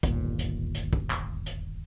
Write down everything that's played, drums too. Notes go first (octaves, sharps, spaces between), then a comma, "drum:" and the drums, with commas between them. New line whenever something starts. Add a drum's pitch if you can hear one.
D1 G1 D#2 A#2, drum: kick, hi-hat
drum: hi-hat
drum: hi-hat
drum: kick
drum: clap
drum: hi-hat